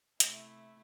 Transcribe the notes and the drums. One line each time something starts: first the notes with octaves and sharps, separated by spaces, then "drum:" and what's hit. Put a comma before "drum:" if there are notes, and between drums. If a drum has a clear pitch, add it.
C3 A3 E4, drum: hi-hat